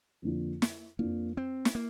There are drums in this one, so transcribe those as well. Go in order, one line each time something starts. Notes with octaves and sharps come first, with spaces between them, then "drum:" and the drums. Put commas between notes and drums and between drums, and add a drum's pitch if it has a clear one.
F2 D3 A#3 D4 F4
drum: snare
F2 F3 A#3 D4 F4
C4
drum: snare
A#3